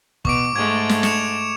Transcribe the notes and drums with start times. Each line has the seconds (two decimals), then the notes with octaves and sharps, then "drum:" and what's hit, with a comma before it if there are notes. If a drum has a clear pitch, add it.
0.25 B2 C#6 D6 D7, drum: kick
0.56 G#2 G#3 A3 G#6
0.89 drum: snare
1.03 C#7 E7 F7, drum: snare